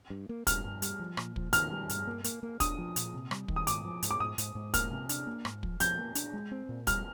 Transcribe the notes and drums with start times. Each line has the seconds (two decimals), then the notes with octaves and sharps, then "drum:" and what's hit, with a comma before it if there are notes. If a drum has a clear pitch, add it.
0.10 G2
0.29 A#3
0.47 G2 F6, drum: kick, hi-hat
0.65 G2
0.82 G3, drum: hi-hat
1.00 F3
1.17 A#2, drum: rim click
1.36 F3, drum: kick
1.53 D#3 F6, drum: hi-hat
1.71 G3
1.89 G2, drum: hi-hat
2.07 A#3
2.24 A#3, drum: hi-hat
2.43 A#3
2.60 D4 D#6, drum: kick, hi-hat
2.78 F3
2.96 A#2, drum: hi-hat
3.14 C3
3.31 G3, drum: rim click
3.48 D#3, drum: kick
3.56 D#6
3.67 G#2 D6, drum: hi-hat
3.85 F3
4.02 G#2, drum: hi-hat
4.11 D6
4.20 G#2 D#6
4.38 G#2, drum: hi-hat
4.55 G#2
4.74 A#3 F6, drum: kick, hi-hat
4.91 C3
5.09 D4, drum: hi-hat
5.27 A#3
5.45 G#2, drum: rim click
5.63 F3, drum: kick
5.80 F3 G6, drum: hi-hat
5.99 A#3
6.15 D4, drum: hi-hat
6.33 G#3
6.51 C4
6.69 A#2
6.87 G3 F6, drum: kick, hi-hat